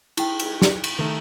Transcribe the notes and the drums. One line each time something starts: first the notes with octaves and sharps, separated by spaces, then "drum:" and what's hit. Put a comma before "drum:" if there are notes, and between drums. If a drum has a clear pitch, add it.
E4 G5, drum: cymbal
drum: cymbal
drum: snare
drum: cymbal
D#3 A3